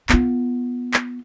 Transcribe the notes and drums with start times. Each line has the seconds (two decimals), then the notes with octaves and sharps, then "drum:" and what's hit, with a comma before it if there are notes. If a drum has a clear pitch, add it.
0.09 B3 F4, drum: clap
0.94 drum: clap